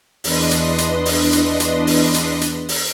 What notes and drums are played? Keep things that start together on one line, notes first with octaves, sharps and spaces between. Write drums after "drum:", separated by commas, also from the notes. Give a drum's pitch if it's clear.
E2 D4 B4 D#5 C6 D#6, drum: open hi-hat
drum: hi-hat
drum: hi-hat
drum: open hi-hat
drum: hi-hat
drum: hi-hat
drum: open hi-hat
drum: hi-hat
drum: hi-hat
drum: open hi-hat